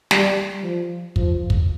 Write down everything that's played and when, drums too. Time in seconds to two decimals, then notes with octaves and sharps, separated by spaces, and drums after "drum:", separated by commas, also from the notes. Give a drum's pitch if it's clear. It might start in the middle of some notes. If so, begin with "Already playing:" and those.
0.11 G3, drum: snare
0.63 F3
1.16 F3, drum: kick
1.50 drum: kick